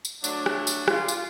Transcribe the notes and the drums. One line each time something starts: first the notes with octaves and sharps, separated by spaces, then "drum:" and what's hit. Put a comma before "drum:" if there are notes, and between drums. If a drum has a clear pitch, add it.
drum: tambourine
F#3 A3 D4, drum: tambourine
drum: rim click
drum: tambourine
F4, drum: rim click
drum: tambourine